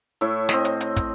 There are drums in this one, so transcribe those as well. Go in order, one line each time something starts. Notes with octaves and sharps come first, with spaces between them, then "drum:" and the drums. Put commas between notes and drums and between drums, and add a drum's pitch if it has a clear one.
A2 E4 C#5
C4 D#5, drum: snare
drum: hi-hat
drum: hi-hat
drum: kick, hi-hat